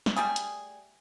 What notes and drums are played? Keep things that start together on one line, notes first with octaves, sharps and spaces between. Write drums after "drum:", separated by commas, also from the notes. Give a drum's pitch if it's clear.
drum: snare
G3 A3 G#4
drum: hi-hat